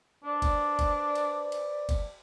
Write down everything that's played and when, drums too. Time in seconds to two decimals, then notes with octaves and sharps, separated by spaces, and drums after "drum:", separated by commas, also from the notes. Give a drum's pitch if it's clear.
0.24 D4 B4 C5 D5
0.42 drum: kick F#1, cymbal
0.79 drum: kick F#1, cymbal
1.15 drum: cymbal
1.52 drum: cymbal
1.89 drum: kick F#1, cymbal